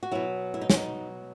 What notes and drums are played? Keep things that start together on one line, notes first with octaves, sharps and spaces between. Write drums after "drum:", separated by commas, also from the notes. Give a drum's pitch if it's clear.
F#4
B2 F#3 E4
E4
D#4
C#4, drum: snare
D#4